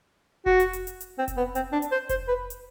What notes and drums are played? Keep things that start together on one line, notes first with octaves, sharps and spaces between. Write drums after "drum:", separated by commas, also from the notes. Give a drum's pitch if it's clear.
F#4, drum: kick F1
drum: hi-hat
drum: hi-hat
drum: hi-hat
drum: hi-hat
C4
drum: kick F1, hi-hat
B3
C4, drum: hi-hat
D4
drum: hi-hat
C5
C5, drum: kick F1, hi-hat
B4
drum: hi-hat